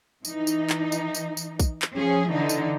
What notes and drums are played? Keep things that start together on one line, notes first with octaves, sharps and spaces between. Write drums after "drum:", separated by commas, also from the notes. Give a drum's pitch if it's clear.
E3 D#4, drum: tambourine
drum: tambourine
drum: clap
drum: tambourine
drum: tambourine
drum: tambourine
drum: kick A#1, tambourine
drum: clap
F3 C#4 G#4
D3 E3 D#4
drum: tambourine